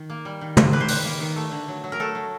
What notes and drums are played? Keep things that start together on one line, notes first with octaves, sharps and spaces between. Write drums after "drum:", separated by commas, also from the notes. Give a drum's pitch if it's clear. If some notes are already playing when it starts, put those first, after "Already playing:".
Already playing: D#3
A#3
G3
D#3
D#3, drum: tom
A#3 B4
C5
G3 B4, drum: open hi-hat
A#3
D#3
A3
D3
F#3
F#3
A#4
A3 A4
F#3